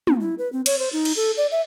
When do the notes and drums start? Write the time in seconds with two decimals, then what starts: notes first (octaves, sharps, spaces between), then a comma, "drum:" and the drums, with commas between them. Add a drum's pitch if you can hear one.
0.07 B3, drum: tom
0.20 E4
0.38 B4
0.53 C4
0.66 C#5, drum: cymbal
0.79 C5
0.93 D#4
1.05 drum: cymbal
1.16 A4
1.37 D5
1.51 E5